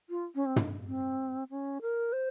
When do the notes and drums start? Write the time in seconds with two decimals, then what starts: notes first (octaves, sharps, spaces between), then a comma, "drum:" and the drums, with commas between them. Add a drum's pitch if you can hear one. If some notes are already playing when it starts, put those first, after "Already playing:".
0.10 F4
0.35 C#4
0.46 C4
0.56 drum: tom
0.87 C4
1.50 C#4
1.82 A#4
2.13 C5